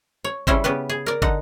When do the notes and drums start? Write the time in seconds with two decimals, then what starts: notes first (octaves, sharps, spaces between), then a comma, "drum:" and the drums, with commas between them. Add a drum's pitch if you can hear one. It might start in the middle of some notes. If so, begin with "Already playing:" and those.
0.24 C#5
0.47 C#3 G3 C#4 E4 C5 G5, drum: kick
0.64 C#3 B3 G4 B4
0.89 G#4
1.06 A#4 D5
1.22 D3 D#4 F#5, drum: kick